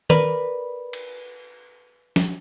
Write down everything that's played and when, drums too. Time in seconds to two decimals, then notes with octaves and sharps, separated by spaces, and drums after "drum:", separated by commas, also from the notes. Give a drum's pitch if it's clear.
0.10 A#4 B4 D5, drum: tom D#3
0.93 drum: cymbal
2.16 drum: snare